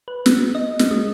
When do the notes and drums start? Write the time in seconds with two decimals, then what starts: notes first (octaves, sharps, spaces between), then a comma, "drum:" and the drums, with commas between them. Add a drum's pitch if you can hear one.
0.08 B4
0.26 B3, drum: snare
0.55 D#5
0.79 A#3, drum: snare
0.91 G#3